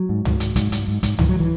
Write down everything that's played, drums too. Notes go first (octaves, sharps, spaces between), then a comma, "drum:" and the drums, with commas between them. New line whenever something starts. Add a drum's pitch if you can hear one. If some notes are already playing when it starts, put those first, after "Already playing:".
Already playing: F#3
G#2
G#2, drum: tom C#2
G#2, drum: hi-hat
G#2, drum: kick, hi-hat
G#2, drum: hi-hat
G#2
G#2, drum: kick, hi-hat
G#2 E3, drum: tom C#2
F#3
E3